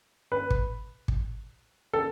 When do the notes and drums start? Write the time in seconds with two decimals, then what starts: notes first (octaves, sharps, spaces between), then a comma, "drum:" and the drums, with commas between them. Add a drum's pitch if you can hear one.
0.32 B4
0.50 drum: kick
1.08 drum: kick
1.93 A4